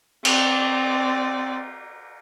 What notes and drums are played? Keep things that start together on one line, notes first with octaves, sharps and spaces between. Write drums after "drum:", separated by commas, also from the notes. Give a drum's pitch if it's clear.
C4 D5, drum: cymbal